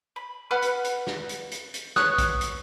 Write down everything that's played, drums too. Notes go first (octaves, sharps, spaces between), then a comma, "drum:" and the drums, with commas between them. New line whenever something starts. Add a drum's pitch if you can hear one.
B5
B4 F#5 B5 F6
drum: hi-hat
drum: hi-hat
drum: snare
drum: hi-hat
drum: hi-hat
drum: hi-hat
B3 C#5 D#6 F#6, drum: snare
drum: kick, hi-hat
drum: hi-hat